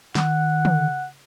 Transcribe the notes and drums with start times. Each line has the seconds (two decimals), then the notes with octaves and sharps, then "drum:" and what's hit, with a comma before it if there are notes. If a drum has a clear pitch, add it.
0.15 D#3 F#5, drum: snare
0.65 drum: tom